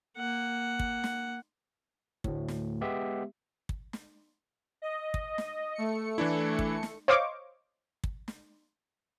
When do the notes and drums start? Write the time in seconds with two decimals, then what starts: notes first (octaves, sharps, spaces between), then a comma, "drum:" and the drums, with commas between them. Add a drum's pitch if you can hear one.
0.18 A#3 F#5
0.79 drum: kick
1.04 drum: snare
2.24 D2 A2, drum: kick
2.48 drum: snare
2.81 G#3 B3 G4 E5
3.69 drum: kick
3.93 drum: snare
4.82 D#5
5.14 drum: kick
5.38 drum: snare
5.75 A3 C#7
6.18 E3 D4 E4
6.59 drum: kick
6.83 drum: snare
7.08 C5 C#5 D#5 F5 C#6 D6
8.04 drum: kick
8.28 drum: snare